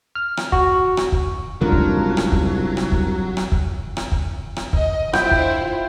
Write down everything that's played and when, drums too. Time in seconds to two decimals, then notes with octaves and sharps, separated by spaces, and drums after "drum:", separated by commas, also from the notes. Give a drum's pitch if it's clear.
0.15 F6
0.37 drum: rim click
0.52 F#4, drum: kick
0.97 drum: rim click
1.12 drum: kick
1.61 C2 C#3 F#3 G#3 A3 D4 F4 A#4
1.72 drum: kick
2.17 drum: rim click
2.32 drum: kick
2.77 drum: rim click
2.92 drum: kick
3.37 drum: rim click
3.52 drum: kick
3.97 drum: rim click
4.12 drum: kick
4.56 drum: rim click
4.73 D#5, drum: kick
5.13 E4 F4 C5 G5, drum: rim click
5.31 drum: kick